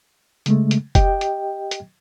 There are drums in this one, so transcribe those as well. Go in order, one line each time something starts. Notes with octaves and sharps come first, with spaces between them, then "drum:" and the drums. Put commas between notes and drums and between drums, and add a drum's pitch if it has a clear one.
C#3 G#3 A3, drum: hi-hat
drum: hi-hat
G4 D#5 G5, drum: kick F1, hi-hat
drum: hi-hat
drum: hi-hat